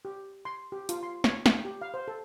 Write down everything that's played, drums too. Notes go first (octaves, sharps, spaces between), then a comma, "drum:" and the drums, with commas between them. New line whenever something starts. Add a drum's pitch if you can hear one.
G4
C6
G4
F4, drum: hi-hat
C6
C#5, drum: snare
G5, drum: snare
G4
F5
C5
A4